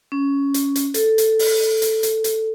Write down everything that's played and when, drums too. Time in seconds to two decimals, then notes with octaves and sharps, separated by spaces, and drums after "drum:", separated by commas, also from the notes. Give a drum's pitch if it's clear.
0.12 C#4
0.54 drum: hi-hat
0.76 drum: hi-hat
0.94 A4, drum: hi-hat
1.18 drum: hi-hat
1.39 drum: open hi-hat
1.82 drum: hi-hat
2.03 drum: hi-hat
2.24 drum: hi-hat